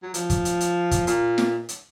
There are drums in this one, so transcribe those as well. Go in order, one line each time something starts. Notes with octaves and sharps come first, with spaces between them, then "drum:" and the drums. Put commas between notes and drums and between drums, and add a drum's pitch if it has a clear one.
F#3
F3, drum: hi-hat
drum: kick, hi-hat
drum: hi-hat
drum: hi-hat
drum: kick, hi-hat
A#2, drum: hi-hat
drum: snare
drum: hi-hat